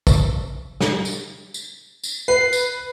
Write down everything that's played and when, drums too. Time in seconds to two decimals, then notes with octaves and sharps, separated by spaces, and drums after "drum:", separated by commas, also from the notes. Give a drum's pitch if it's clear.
0.07 drum: kick, tambourine
0.81 drum: snare
1.05 drum: tambourine
1.54 drum: tambourine
2.03 drum: tambourine
2.28 B4 C7
2.53 drum: tambourine